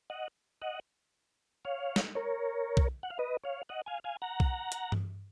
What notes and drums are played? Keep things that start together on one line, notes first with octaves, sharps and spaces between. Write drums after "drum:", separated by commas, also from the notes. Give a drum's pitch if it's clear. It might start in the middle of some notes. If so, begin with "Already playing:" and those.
D#5 F#5
D#5 F#5
C#5 F5
drum: snare
A#4 C#5
drum: kick B1
F#5
F5
B4 D#5
C#5 F5
D#5 F#5
F5 G#5
F5 G#5
F#5 A#5
drum: kick B1
drum: hi-hat
drum: tom G2